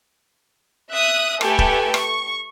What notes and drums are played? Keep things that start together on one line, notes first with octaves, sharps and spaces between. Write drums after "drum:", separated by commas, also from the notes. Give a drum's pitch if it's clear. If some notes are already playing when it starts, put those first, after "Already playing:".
E5 D#6 F#6
A3 G4 A4 B4 G5 G#5, drum: rim click
drum: kick
C#6, drum: rim click